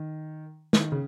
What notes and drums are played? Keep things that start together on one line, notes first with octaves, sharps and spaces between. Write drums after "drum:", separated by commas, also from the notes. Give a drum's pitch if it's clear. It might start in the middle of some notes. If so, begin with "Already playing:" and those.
Already playing: D#3
D#3, drum: snare
C#3